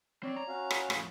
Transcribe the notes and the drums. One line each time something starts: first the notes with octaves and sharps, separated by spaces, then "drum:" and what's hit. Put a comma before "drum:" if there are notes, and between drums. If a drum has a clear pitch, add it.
C4 C#5 D5
A#5
C#4 F#4 F5
drum: rim click
F2 A2, drum: rim click